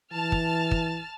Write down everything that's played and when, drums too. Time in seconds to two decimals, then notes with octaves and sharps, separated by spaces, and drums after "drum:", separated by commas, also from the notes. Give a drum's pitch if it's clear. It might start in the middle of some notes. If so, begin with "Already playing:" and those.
0.12 E3 A5 F6 A6
0.32 drum: kick
0.71 drum: kick